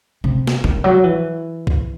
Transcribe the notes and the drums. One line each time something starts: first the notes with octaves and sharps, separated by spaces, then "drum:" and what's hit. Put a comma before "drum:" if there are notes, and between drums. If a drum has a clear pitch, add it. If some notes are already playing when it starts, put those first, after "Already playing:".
C3
drum: snare
D#3, drum: tom C3
F#3
E3
drum: kick